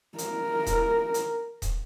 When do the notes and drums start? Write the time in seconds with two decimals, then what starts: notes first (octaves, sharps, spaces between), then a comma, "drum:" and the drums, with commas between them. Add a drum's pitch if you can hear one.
0.18 A#4, drum: hi-hat
0.66 drum: kick D#1, hi-hat
1.14 drum: hi-hat
1.62 drum: kick D#1, hi-hat